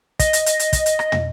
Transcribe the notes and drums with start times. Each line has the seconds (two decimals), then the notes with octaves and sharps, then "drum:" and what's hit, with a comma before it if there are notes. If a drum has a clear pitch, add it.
0.19 D#5, drum: kick, hi-hat
0.33 drum: hi-hat
0.46 drum: hi-hat
0.59 drum: hi-hat
0.73 drum: kick, hi-hat
0.86 drum: hi-hat
0.99 drum: rim click
1.12 drum: tom